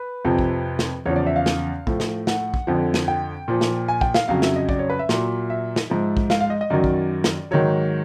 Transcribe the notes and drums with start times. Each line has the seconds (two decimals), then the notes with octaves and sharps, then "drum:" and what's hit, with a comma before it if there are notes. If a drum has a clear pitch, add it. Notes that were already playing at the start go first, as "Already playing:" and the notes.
Already playing: B4
0.25 F2 C3 F3
0.39 drum: kick
0.79 drum: snare
1.06 E2 C#3 F3 C#5
1.16 D5
1.27 E5
1.36 F5
1.46 drum: snare
1.87 A2 F3, drum: kick
2.00 drum: snare
2.27 F#5, drum: snare
2.54 drum: kick
2.67 F2 D3 F3
2.94 drum: snare
3.08 G5
3.48 A#2 F3
3.61 drum: snare
3.88 G#5
4.01 G5, drum: kick
4.14 F5, drum: snare
4.28 F2 C#3 F#3 F5
4.42 E5, drum: snare
4.56 D#5
4.69 D5, drum: kick
4.79 C#5
4.90 B4
4.99 E5
5.09 A#2 F#3, drum: snare
5.50 E5
5.76 drum: snare
5.90 G#2 F3
6.17 drum: kick
6.30 F5, drum: snare
6.40 F5
6.50 D#5
6.61 D#5
6.70 F#2 D#3 F#3 D5
6.84 drum: kick
7.24 drum: snare
7.51 G#2 D#3 F#3 C#5